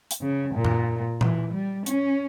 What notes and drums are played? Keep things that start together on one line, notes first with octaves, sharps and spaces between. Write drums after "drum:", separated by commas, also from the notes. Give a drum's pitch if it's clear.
drum: hi-hat
C#3
A#2
drum: tom F#2
E3, drum: tom A#2
G3
C#4, drum: hi-hat